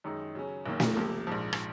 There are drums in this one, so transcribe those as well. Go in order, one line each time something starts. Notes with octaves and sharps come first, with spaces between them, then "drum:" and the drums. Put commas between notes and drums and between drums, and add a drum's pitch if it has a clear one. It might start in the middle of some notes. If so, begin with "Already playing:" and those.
F#2 D#3 G#3 D#4
C#3 F#3 C#4
F#1 F#2 D#3 A#3
drum: snare
C#2 C3 F3 A#3
A#1 G#2 F3
drum: rim click